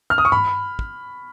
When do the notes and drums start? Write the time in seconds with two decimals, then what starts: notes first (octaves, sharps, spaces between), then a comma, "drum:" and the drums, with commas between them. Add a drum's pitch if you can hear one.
0.10 F6
0.18 D#6
0.25 C#6
0.32 B5, drum: tom G2
0.79 drum: kick